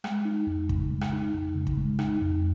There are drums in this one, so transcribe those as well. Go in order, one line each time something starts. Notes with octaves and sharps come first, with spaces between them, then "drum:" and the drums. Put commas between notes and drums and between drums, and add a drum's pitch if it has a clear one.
G#3, drum: rim click
D#4
F2
C#3, drum: kick
G#3
drum: rim click
D#4
F2
C#3
drum: kick
G#3
D#4, drum: rim click
F2